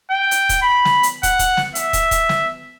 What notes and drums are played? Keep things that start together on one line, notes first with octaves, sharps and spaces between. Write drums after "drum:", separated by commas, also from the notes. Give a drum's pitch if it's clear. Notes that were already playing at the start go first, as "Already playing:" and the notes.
G5
drum: hi-hat
drum: kick, hi-hat
B5
drum: snare
drum: hi-hat
F#5, drum: kick, hi-hat
drum: kick, hi-hat
drum: snare
E5, drum: hi-hat
drum: kick, hi-hat
drum: kick, hi-hat
drum: snare